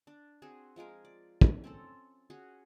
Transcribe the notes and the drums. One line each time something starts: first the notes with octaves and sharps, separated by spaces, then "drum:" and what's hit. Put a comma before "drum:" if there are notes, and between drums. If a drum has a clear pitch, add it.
D4
C4 F#4 G#4
F3 G#3 G#4 A#4
D5
drum: kick
C4 C#4 A4
C#4 F#4 G#4 C#5